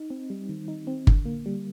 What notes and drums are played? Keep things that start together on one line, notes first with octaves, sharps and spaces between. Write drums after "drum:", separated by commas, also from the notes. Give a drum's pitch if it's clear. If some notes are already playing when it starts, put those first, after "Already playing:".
Already playing: D#4
C4
G3
D#3
D#4
C4
D3, drum: kick G1
A#3
G3